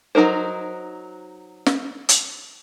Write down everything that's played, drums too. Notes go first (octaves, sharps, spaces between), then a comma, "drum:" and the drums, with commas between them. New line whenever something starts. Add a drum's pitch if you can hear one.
F#3 D4 D#4 A#4 C5
drum: snare
drum: hi-hat